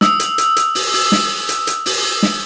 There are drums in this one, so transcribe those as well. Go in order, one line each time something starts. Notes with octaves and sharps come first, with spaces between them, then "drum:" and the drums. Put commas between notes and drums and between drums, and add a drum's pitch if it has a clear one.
D#6 E6, drum: snare
drum: hi-hat
drum: hi-hat
drum: hi-hat
drum: open hi-hat
drum: open hi-hat
drum: snare
drum: hi-hat
drum: hi-hat
drum: open hi-hat
drum: snare